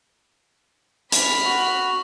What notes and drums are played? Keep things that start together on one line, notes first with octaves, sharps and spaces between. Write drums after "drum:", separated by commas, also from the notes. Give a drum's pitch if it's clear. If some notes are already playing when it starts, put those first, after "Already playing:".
B5 F6, drum: hi-hat
F#4